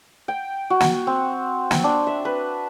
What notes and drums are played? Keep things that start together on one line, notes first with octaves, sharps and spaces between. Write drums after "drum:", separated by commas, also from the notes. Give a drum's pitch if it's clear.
G5
F#4
drum: snare
C4
drum: snare
D4
E5
B4